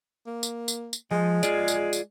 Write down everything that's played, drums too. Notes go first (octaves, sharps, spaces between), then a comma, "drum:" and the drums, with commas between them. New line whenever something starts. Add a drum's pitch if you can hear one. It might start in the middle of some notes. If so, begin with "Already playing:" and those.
A#3
drum: tambourine
drum: tambourine
drum: tambourine
F3 G#3
F4 G#4 D5, drum: tambourine
drum: tambourine
drum: tambourine